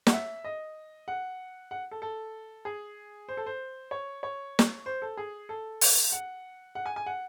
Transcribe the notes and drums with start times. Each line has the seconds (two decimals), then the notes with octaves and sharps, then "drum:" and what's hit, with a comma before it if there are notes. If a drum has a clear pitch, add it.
0.07 F#5, drum: snare
0.13 E5
0.44 D#5
1.08 F#5
1.71 F#5
1.91 A4
2.02 A4
2.65 G#4
3.29 C5
3.37 A4
3.46 C5
3.91 C#5
4.23 C#5
4.59 drum: snare
4.86 C5
5.02 A4
5.17 G#4
5.49 A4
5.81 drum: open hi-hat
6.12 F#5
6.75 F#5
6.86 G#5
6.96 G#5
7.06 F#5